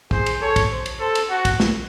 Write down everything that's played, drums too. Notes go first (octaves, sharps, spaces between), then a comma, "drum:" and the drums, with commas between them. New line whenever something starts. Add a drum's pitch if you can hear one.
G#4 C5, drum: kick
drum: cymbal
A4 C#5
drum: kick, cymbal
C5
drum: cymbal
A4 C5
drum: cymbal
F#4 F#5
drum: kick, cymbal
drum: snare